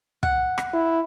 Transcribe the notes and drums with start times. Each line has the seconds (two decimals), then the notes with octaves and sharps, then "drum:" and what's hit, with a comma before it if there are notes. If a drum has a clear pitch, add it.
0.23 F#5, drum: kick
0.58 drum: rim click
0.74 E4